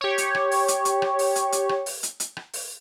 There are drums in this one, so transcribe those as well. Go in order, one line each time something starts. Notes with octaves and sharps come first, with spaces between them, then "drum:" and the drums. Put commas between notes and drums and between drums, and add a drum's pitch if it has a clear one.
G4 C#5
drum: hi-hat
drum: rim click
drum: open hi-hat
drum: hi-hat
drum: hi-hat
drum: rim click
drum: open hi-hat
drum: hi-hat
drum: hi-hat
drum: rim click
drum: open hi-hat
drum: hi-hat
drum: hi-hat
drum: rim click
drum: open hi-hat